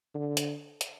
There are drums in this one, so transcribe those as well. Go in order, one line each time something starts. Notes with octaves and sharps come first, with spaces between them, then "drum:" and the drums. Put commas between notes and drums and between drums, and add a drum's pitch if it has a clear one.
D3
drum: hi-hat
drum: hi-hat